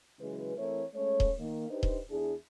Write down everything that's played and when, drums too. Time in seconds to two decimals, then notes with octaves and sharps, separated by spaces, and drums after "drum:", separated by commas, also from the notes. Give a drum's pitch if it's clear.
0.20 C#3 E3 F#3 G#3 B4
0.57 E3 A3 C4 E4 A#4 C#5
0.95 G#3 A3 C#4 C#5
1.20 drum: kick D#1
1.39 D#3 A#3
1.69 D4 D#4 G4 B4 C5
1.83 drum: kick D#1
2.10 E2 D4 E4 G#4